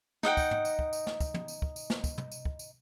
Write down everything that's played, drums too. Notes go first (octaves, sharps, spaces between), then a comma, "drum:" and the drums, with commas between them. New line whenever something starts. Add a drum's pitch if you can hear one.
D#4 D#5 F#5 G5, drum: snare
drum: kick, tambourine
drum: tom
drum: tambourine
drum: kick
drum: tambourine
drum: snare
drum: kick, tambourine
drum: tom
drum: tambourine
drum: kick
drum: tambourine
drum: snare
drum: kick, tambourine
drum: tom
drum: tambourine
drum: kick
drum: tambourine